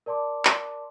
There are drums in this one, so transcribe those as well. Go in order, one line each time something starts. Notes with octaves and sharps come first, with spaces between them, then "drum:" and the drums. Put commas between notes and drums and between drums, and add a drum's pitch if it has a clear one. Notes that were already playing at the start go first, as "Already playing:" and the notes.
A#4 D5 A5 C6 D6
drum: clap